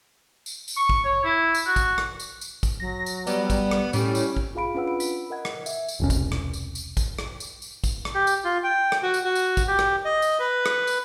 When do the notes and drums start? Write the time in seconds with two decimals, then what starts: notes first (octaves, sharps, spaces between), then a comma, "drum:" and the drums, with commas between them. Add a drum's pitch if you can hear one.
0.46 drum: tambourine
0.68 drum: tambourine
0.77 C#6
0.89 drum: kick
1.05 C#5
1.25 E4
1.55 drum: tambourine
1.66 F#4
1.76 drum: kick, tambourine
1.98 drum: rim click
2.20 drum: tambourine
2.41 drum: tambourine
2.63 drum: kick, tambourine
2.80 F#3 A#6
3.06 drum: tambourine
3.27 G3 B3, drum: tambourine
3.50 drum: kick, tambourine
3.71 drum: rim click
3.93 A2 G3 C#4, drum: tambourine
4.15 drum: tambourine
4.37 drum: kick
4.55 F4 G#4 F5 B5 D7
4.74 C#4 D4 F4 B4 F#5 E6
4.87 B5 D7
5.00 B6, drum: tambourine
5.30 A#4 D#5 F#5 G#6
5.45 drum: rim click
5.66 E5, drum: tambourine
5.88 drum: tambourine
6.00 E1 C2 C#4
6.10 drum: kick, tambourine
6.32 drum: rim click
6.53 drum: tambourine
6.75 drum: tambourine
6.97 drum: kick, tambourine
7.19 drum: rim click
7.40 drum: tambourine
7.62 drum: tambourine
7.84 drum: kick, tambourine
8.05 drum: rim click
8.15 G4
8.27 drum: tambourine
8.44 F4
8.64 G5
8.92 drum: rim click
9.03 F#4
9.14 drum: tambourine
9.24 F#4
9.35 drum: tambourine
9.57 drum: kick, tambourine
9.68 G4
9.79 drum: rim click
10.05 D#5
10.22 drum: tambourine
10.39 B4
10.66 drum: rim click
10.87 drum: tambourine